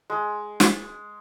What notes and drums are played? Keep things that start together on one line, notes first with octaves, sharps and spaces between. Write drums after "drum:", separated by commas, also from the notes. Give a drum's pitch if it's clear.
G#3
drum: snare